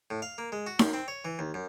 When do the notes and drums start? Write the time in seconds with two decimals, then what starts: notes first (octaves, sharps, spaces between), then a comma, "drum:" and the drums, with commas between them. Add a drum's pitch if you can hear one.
0.10 A2
0.22 F5
0.38 A#3
0.52 G#3
0.67 F#4
0.79 F#2, drum: snare D#4
0.93 C4
1.08 C#5
1.25 E3
1.39 D#2
1.54 F#2